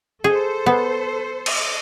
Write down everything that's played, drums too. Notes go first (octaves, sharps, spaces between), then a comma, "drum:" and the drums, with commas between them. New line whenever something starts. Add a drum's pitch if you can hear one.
G#4 A4 C5
B3
drum: cymbal